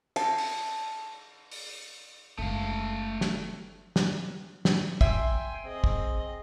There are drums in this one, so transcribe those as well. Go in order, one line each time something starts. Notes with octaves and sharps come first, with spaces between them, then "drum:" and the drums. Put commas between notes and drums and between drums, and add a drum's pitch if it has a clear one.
A5, drum: cymbal
drum: open hi-hat
drum: open hi-hat
F#1 G#3 A3 F5
drum: snare
drum: snare
drum: snare
E5 G5 G#5 C6, drum: kick
C4 G#4 D#5
drum: kick